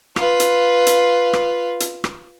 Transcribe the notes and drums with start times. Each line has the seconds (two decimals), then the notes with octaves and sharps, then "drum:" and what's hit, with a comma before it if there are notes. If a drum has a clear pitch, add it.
0.16 F4 B4, drum: rim click
0.40 drum: hi-hat
0.87 drum: hi-hat
1.33 drum: rim click
1.80 drum: hi-hat
2.04 drum: rim click